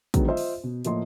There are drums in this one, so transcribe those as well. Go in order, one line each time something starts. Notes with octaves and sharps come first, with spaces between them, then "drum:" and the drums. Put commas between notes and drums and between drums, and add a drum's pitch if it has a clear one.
D3 D#3 F#3 G#3 B3, drum: kick, hi-hat
F4 C5 D#5 E5
drum: open hi-hat
B2
A2 F3 A#3 D#5 C6, drum: hi-hat